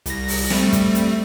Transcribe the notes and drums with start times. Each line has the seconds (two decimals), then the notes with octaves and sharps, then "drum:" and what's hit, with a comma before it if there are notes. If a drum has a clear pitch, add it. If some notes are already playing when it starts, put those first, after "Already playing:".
0.06 C2 A#6, drum: hi-hat
0.28 drum: open hi-hat
0.50 G3 A3 C4, drum: snare
0.72 drum: kick, hi-hat
0.95 drum: hi-hat